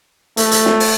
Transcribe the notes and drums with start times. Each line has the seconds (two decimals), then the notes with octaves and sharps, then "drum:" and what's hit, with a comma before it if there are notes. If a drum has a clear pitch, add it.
0.37 A3, drum: hi-hat
0.51 drum: hi-hat
0.66 drum: snare
0.80 drum: open hi-hat